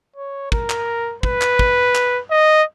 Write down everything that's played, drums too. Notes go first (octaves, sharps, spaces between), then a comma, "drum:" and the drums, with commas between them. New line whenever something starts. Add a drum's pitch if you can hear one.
C#5
A#4, drum: kick
drum: clap
B4, drum: kick
drum: clap
drum: kick
drum: clap
D#5